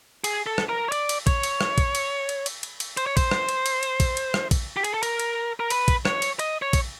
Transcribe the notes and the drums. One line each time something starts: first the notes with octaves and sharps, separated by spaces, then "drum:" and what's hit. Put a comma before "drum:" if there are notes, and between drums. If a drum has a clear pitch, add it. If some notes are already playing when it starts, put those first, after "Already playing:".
G#4, drum: cymbal
A4
drum: rim click
A#4
C#5
D5, drum: cymbal
drum: cymbal
C#5, drum: kick, cymbal
drum: cymbal
drum: rim click
drum: kick, cymbal
drum: cymbal
drum: cymbal
drum: cymbal
drum: cymbal
drum: cymbal
C5, drum: cymbal
C#5
C5, drum: kick, cymbal
drum: rim click
drum: cymbal
drum: cymbal
drum: cymbal
drum: kick, cymbal
drum: cymbal
drum: rim click
drum: kick, cymbal
G4
G#4, drum: cymbal
A4
A#4, drum: cymbal
drum: cymbal
A#4
B4, drum: cymbal
drum: kick, cymbal
C#5, drum: rim click
drum: cymbal
D#5, drum: cymbal
C#5
drum: kick, cymbal